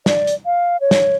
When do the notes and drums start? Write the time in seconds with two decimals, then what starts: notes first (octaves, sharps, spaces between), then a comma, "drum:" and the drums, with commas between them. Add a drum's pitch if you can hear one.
0.06 D5, drum: snare
0.27 drum: hi-hat
0.46 F5
0.81 C#5
0.91 drum: snare